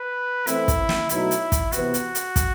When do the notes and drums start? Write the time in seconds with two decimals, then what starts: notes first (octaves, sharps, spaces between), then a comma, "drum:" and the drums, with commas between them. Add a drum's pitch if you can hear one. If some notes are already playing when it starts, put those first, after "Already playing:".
Already playing: B4
0.47 E3 A3 C4 E4, drum: hi-hat
0.68 drum: kick, hi-hat
0.89 drum: snare
1.09 B2 F#3 A3 D#4 E4, drum: hi-hat
1.31 drum: hi-hat
1.52 drum: kick, hi-hat
1.72 C3 E3 B3 F#4, drum: hi-hat
1.94 drum: hi-hat
2.15 drum: hi-hat
2.36 drum: kick, hi-hat